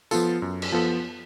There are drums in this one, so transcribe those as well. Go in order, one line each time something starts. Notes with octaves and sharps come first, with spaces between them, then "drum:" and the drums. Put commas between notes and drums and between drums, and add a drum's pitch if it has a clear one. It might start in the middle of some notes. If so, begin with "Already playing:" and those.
F3 B3 F4 A4, drum: tambourine
F#2
drum: cymbal
F3 B3 F4 A4